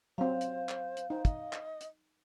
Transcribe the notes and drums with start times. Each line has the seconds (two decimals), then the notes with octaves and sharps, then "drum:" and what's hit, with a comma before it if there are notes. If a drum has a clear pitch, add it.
0.18 F#3 C4 C5 F5
0.41 drum: hi-hat
0.69 drum: clap
0.97 drum: hi-hat
1.10 D#4 C5
1.25 D#5, drum: kick, hi-hat
1.53 drum: clap
1.81 drum: hi-hat